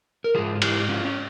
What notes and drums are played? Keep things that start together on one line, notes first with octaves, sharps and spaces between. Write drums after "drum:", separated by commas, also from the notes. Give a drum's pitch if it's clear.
A#4
G#2 E3 F4 G#4
F4
E4 G4, drum: cymbal
C#4 F4
C#4